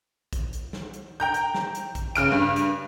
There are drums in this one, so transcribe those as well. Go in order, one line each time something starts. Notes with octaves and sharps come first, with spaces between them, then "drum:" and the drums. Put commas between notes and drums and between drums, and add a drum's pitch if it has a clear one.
drum: kick A#1, hi-hat
drum: hi-hat
drum: snare
drum: hi-hat
G5 A#5 G6
drum: hi-hat
drum: snare
drum: hi-hat
drum: kick A#1, hi-hat
C#3 F6 D7, drum: hi-hat
G2
drum: hi-hat